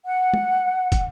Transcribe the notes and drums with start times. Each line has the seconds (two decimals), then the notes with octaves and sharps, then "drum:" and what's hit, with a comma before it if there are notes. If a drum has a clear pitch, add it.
0.04 F#5
0.34 drum: tom
0.92 drum: kick, hi-hat